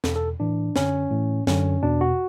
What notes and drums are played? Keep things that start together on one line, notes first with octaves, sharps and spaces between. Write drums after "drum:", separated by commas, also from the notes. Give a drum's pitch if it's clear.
E2 B2 A4, drum: snare
A4
A2 E3 D4
F#2 D3 C#4, drum: snare
A2 E3
F#2 D3 C#4, drum: snare
E2 B2 D4
F#4